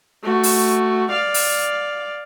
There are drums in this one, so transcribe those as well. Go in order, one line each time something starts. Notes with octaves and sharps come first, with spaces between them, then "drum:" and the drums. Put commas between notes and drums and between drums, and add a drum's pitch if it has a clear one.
A3 F#4
drum: open hi-hat
D5 F5
drum: open hi-hat